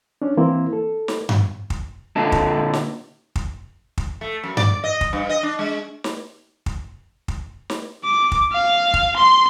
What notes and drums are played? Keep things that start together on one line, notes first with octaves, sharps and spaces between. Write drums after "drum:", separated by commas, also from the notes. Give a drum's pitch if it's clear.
C#4 D4
E3 A#3 C4 E4
A4
drum: snare
drum: tom G2
drum: kick
A#2 D3 D#4 A4
drum: kick
drum: snare
drum: kick
drum: kick
A3
F#2
D5, drum: tom G2
D#5
drum: kick
G2
D#5
D4
G#3
drum: snare
drum: kick
drum: kick
drum: snare
D6
drum: kick
F5
drum: kick
C6